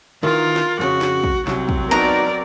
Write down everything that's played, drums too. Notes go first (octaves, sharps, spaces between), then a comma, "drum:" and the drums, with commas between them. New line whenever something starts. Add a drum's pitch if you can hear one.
D#3 E3 F4 A#4
drum: snare
F2 A2 C#3 F#4
drum: snare
drum: kick
C2 F#3 C4, drum: snare
drum: kick
B3 D#4 F#4 A#4 D5 A#5